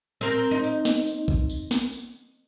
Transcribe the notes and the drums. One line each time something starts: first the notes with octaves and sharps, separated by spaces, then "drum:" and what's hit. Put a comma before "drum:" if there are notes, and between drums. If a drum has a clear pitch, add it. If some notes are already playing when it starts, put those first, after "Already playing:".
C4 A#4, drum: tambourine
D#4
drum: tambourine
drum: snare
drum: tambourine
drum: kick A#1
drum: tambourine
drum: snare
drum: tambourine